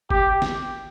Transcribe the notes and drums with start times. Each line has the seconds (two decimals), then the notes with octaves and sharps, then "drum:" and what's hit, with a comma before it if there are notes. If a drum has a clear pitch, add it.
0.11 G4, drum: kick G1
0.42 drum: snare